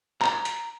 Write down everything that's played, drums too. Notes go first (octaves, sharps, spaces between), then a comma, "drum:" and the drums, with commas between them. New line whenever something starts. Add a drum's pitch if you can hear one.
A#5, drum: clap
drum: hi-hat